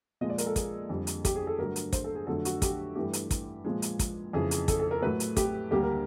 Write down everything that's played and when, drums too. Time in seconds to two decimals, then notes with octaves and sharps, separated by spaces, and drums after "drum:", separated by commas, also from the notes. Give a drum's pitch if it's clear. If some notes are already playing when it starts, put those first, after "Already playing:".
0.21 A#2 F3 G#3 D#5
0.30 D5
0.38 A#4, drum: hi-hat
0.47 A4
0.56 G#4, drum: kick, hi-hat
0.89 F2 D3 G3
1.07 drum: hi-hat
1.25 G4, drum: kick, hi-hat
1.36 G#4
1.47 A4
1.58 G2 D3 F#3 A3 A#4
1.76 drum: hi-hat
1.93 C5, drum: kick, hi-hat
2.04 A4
2.15 G#4
2.27 F2 D3 F#3 A3 A4
2.45 F#4, drum: hi-hat
2.62 G4, drum: kick, hi-hat
2.96 G2 E3 A3 G4
3.13 drum: hi-hat
3.31 drum: kick, hi-hat
3.64 A#2 F3 G#3
3.82 drum: hi-hat
3.99 drum: kick, hi-hat
4.33 F2 C#3 E3 G#4
4.51 G#4, drum: hi-hat
4.68 A4, drum: kick, hi-hat
4.80 A4
4.91 A#4
5.02 A2 F#3 A3 B4
5.20 drum: hi-hat
5.37 G4, drum: kick, hi-hat
5.71 D2 D3 G3 A#3 G4
5.83 A#4